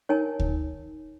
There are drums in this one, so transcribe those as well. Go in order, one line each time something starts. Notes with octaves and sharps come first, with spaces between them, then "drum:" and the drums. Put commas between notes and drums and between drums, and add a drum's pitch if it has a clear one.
D#4 A#4 C#5 G#5
drum: kick D2